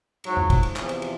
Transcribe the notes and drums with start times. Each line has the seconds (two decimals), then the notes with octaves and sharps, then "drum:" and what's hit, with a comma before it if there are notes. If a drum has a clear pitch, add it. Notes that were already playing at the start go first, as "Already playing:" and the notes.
0.24 G#2 F3 F#3, drum: cymbal
0.37 drum: tom E2
0.50 drum: kick, cymbal
0.63 drum: cymbal
0.76 E2 C3 F3, drum: clap
0.89 drum: cymbal
1.02 drum: cymbal